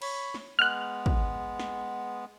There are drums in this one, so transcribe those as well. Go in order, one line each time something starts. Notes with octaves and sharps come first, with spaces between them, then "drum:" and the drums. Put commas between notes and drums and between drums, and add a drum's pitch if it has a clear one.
C#5 B5, drum: cymbal
drum: snare
G#3 B3 F6 F#6
drum: kick
drum: snare